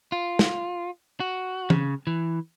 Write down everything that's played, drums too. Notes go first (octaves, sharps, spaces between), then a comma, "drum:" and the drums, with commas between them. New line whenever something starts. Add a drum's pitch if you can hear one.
F4
drum: snare
F#4
C#3, drum: tom
E3